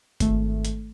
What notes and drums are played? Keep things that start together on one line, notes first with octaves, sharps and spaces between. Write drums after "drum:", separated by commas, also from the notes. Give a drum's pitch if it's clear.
G#1 A3, drum: kick F1, hi-hat
drum: hi-hat